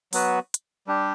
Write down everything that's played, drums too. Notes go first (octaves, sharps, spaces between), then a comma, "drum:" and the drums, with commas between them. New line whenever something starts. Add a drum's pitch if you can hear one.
F#3 B3 F#4 B4, drum: open hi-hat
drum: hi-hat
G3 D4 G4